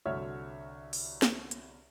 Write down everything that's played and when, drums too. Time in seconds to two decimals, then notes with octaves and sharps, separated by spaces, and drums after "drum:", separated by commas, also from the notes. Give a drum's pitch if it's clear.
0.05 C2 D3 F#4 C#5 E5 F6
0.93 drum: open hi-hat
1.22 drum: snare
1.51 drum: hi-hat